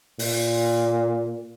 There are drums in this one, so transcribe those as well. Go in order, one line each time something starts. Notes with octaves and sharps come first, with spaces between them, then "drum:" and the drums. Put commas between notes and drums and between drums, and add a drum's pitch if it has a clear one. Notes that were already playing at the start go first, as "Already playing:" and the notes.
A#2, drum: open hi-hat